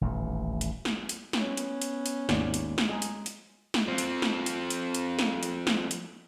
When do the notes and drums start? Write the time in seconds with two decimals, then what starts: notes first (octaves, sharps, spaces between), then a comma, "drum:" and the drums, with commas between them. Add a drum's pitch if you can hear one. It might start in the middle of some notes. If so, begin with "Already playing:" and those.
0.01 D#1 A1 D#2
0.61 drum: hi-hat
0.85 drum: snare
1.09 drum: hi-hat
1.33 B3 C#4, drum: snare
1.57 drum: hi-hat
1.82 drum: hi-hat
2.06 drum: hi-hat
2.29 G#1 D#2 D5, drum: snare
2.54 drum: hi-hat
2.78 drum: snare
2.89 G#3 G#4 A#5
3.02 drum: hi-hat
3.26 drum: hi-hat
3.74 drum: snare
3.88 F3 C4
3.98 drum: hi-hat
4.22 drum: snare
4.46 drum: hi-hat
4.70 drum: hi-hat
4.94 drum: hi-hat
5.19 drum: snare
5.43 drum: hi-hat
5.67 drum: snare
5.91 drum: hi-hat